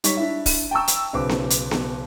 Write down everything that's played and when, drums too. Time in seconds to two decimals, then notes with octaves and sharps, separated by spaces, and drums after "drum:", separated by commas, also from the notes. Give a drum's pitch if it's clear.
0.04 G3 D#4 C#5 C#6 B6, drum: hi-hat
0.17 D4 E4 E5
0.46 drum: kick, open hi-hat
0.71 G5 A5 A#5 C#6 E6
0.88 drum: hi-hat
1.13 B1 C#3 B4 C5 D6
1.29 drum: snare B3
1.50 drum: hi-hat
1.71 drum: snare B3